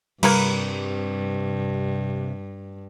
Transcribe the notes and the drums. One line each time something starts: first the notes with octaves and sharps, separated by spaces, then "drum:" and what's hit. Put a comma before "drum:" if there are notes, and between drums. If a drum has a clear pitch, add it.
G2 C3 G3 A#3 A#4 B4, drum: cymbal